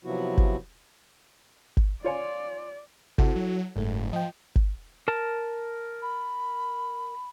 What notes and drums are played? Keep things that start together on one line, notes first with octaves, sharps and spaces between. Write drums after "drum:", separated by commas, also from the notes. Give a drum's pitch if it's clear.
C3 F3 F#3 B3 E4 F#4
drum: kick G#1
drum: kick G#1
F4 C#5 D5 G#5
C3 E4 F#4 A4, drum: kick G#1
F#3
F#1 G#2 A3
F3 D#5 G5
drum: kick G#1
A#4 A5
B5